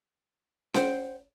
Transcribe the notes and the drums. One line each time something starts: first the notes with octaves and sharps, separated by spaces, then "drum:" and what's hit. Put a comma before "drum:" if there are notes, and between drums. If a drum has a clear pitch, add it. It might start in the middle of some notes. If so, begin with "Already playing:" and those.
C5 F#5 G5, drum: snare C#4